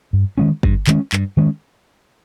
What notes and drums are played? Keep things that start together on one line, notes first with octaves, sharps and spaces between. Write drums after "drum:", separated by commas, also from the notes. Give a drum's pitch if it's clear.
G2
D#3 G#3 C#4
G2, drum: kick G1
D#3 G#3 C#4, drum: clap
G2, drum: clap
D#3 G#3 C#4